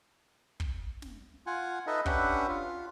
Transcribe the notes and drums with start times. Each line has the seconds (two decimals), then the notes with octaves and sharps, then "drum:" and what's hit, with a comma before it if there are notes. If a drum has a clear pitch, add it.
0.60 drum: kick
1.02 drum: snare
1.47 F4 F#5 G#5
1.87 D#4 A4 B4 D#5 E5
2.06 C#4 D4 G4 B4 E5 F#5, drum: kick
2.48 F4